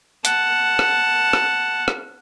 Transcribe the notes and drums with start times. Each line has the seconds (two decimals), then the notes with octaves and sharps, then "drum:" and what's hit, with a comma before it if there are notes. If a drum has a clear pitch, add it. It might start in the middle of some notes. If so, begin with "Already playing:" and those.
0.25 F#5 A5, drum: hi-hat
0.79 drum: rim click
1.33 drum: rim click
1.88 drum: rim click